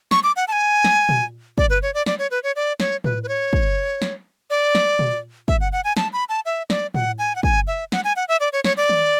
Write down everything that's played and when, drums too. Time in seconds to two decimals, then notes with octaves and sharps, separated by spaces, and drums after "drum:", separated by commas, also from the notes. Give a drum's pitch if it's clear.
0.11 C#6, drum: snare
0.24 D6
0.36 F#5
0.48 A5
0.52 G#5
0.84 drum: snare
1.09 drum: tom A#2
1.58 D5, drum: kick
1.70 B4
1.83 C#5
1.94 D5
2.06 D5, drum: snare
2.19 C#5
2.31 B4
2.43 C#5
2.56 D5
2.80 C#5, drum: snare
3.04 B4, drum: tom A2
3.23 B4
3.28 C#5
3.53 drum: kick
4.02 drum: snare
4.50 D5
4.75 drum: snare
4.99 drum: tom A#2
5.48 E5, drum: kick
5.61 F#5
5.72 F#5
5.84 G#5
5.97 A5, drum: snare
6.13 B5
6.29 A5
6.46 E5
6.70 D5, drum: snare
6.94 F#5, drum: tom A2
7.18 G#5
7.36 F#5
7.43 G#5, drum: kick
7.67 E5
7.92 F#5, drum: snare
8.04 G#5
8.16 F#5
8.28 E5
8.40 D5
8.53 C#5
8.64 C#5, drum: snare
8.77 D5
8.89 drum: tom D#3